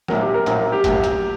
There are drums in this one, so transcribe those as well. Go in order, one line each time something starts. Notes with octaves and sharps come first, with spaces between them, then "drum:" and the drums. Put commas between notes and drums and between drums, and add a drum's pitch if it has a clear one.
A#1 A#2 F#3 A#4, drum: snare
G4
A#4
A#1 A#2 F#3 A#4, drum: hi-hat
A#4
G4
A#1 A#2 F#3, drum: kick, hi-hat
drum: hi-hat